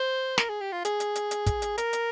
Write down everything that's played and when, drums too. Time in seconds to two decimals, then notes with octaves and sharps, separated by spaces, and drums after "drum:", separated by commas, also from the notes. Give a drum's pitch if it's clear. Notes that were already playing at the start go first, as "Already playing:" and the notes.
Already playing: C5
0.38 A#4, drum: snare
0.49 G#4
0.61 G4
0.72 F4
0.85 G#4, drum: hi-hat
1.00 drum: hi-hat
1.15 drum: hi-hat
1.31 drum: hi-hat
1.46 drum: kick, hi-hat
1.62 drum: hi-hat
1.78 A#4, drum: hi-hat
1.93 drum: hi-hat